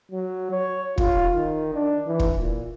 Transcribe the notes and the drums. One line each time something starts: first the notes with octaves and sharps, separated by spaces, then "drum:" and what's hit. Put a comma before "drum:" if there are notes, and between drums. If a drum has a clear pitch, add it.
F#3
C#5
F4, drum: kick
D#3
D4
E3
drum: kick
A#2